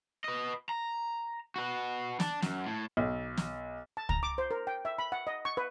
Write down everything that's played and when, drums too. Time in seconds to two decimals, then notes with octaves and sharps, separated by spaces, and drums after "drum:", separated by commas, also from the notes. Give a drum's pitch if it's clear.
0.24 B4 D#5
0.69 A#5
1.56 F#4 B4
2.20 D4, drum: snare
2.42 F#2, drum: snare
2.66 A2
2.97 B1
3.37 drum: snare
3.97 A5
4.09 A#5, drum: kick C#2
4.23 D6
4.38 C5
4.51 A#4
4.67 G5
4.85 E5
4.99 B5
5.12 F#5
5.27 D#5
5.45 C#6
5.57 B4